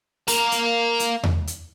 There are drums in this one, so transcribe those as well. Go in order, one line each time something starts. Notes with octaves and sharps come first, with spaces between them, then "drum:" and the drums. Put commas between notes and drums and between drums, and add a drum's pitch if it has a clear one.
A#3 A#4, drum: open hi-hat
drum: hi-hat
drum: hi-hat
drum: tom E2
drum: hi-hat